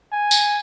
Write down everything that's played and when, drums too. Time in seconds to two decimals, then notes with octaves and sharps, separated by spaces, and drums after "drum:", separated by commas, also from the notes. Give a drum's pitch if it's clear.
0.12 G#5
0.31 drum: tambourine